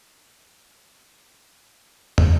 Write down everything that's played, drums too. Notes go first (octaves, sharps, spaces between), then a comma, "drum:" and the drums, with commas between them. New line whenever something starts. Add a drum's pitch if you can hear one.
F3 G3 A3 D4 G#4
drum: tom